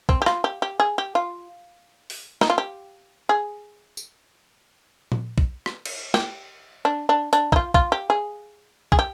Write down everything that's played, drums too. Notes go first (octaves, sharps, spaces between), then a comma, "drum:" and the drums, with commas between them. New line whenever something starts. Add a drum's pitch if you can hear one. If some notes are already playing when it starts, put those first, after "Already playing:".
C4, drum: kick
G4
F4, drum: rim click
G4
G4
G#4
G4
F4
drum: open hi-hat
D#4, drum: snare
F4
G4
G#4
drum: tambourine
drum: tom A#2
drum: kick
drum: rim click
drum: cymbal
G4, drum: snare
D4
D4
D4, drum: hi-hat
D#4, drum: kick
F4
F4, drum: kick
G4
G#4
G#4, drum: kick
G4